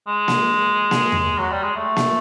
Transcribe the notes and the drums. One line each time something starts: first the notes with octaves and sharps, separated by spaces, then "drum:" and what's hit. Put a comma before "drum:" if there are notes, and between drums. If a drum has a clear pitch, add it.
G#3
drum: snare A#3
drum: snare A#3
drum: tom E2
F#3
G3
G#3
A3
drum: snare A#3